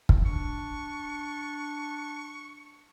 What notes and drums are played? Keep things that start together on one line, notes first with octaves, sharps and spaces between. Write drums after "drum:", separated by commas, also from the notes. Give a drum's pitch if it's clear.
drum: kick
D4 C#6